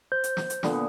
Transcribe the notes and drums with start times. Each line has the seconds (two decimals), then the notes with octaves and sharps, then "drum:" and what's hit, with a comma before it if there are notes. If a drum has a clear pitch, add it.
0.12 C5 G6
0.24 drum: hi-hat
0.37 drum: snare
0.50 drum: hi-hat
0.63 A#2 D3 B3, drum: snare